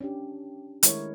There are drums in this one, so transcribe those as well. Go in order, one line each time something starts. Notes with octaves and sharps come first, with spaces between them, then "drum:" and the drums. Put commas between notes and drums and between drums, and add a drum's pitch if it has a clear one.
C#4 D4 G4
D#3 G#3 A3 E4 A#4 C#5, drum: hi-hat